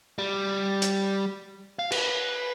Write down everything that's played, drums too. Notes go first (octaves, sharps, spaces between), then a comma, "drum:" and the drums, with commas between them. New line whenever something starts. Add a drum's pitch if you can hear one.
G3
drum: hi-hat
F5
B4, drum: cymbal